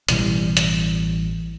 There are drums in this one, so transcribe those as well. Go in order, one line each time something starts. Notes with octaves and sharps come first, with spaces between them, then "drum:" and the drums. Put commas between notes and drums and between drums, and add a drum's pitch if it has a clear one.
A1 B2 E3 G3, drum: hi-hat
drum: hi-hat